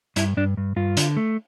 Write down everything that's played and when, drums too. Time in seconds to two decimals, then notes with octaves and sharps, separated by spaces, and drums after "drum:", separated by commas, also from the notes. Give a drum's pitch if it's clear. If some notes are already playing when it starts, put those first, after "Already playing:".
0.16 G2 E4, drum: hi-hat
0.37 G2 D4
0.57 G2
0.76 G2 F4
0.97 D3, drum: hi-hat
1.17 A3